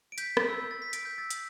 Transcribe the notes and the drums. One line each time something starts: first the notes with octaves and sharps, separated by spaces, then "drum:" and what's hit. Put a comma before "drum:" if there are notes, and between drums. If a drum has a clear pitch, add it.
D7
G6 B6, drum: hi-hat
drum: rim click
E6
G6
A6
B6
A6 D7, drum: hi-hat
G6 B6
E6 A6
drum: hi-hat